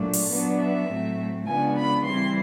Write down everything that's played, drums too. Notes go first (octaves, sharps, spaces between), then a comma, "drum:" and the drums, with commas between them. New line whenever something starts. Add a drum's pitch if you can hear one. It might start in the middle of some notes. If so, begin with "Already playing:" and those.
Already playing: A#2 F#3 A3 D4
drum: open hi-hat
F#3 B3 D4
E5
A2 F#3 A3 C4
C#3 F3 G#3 B3 D4 G#5
B5
E3 G3 C4 E4 C6